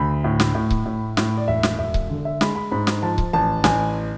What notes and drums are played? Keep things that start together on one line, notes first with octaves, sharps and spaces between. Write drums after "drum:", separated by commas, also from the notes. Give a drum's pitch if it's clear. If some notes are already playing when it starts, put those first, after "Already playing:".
Already playing: D2 B5
A2
drum: snare
A2
drum: kick C#1
A2
A2, drum: snare
D5
E1 E5
drum: snare
E1 E5
drum: kick C#1
D3
E5
G#3 B5, drum: snare
B5
G#2 B5
drum: snare
F3 A5
drum: kick C#1
A1 A5
A1 G#5, drum: snare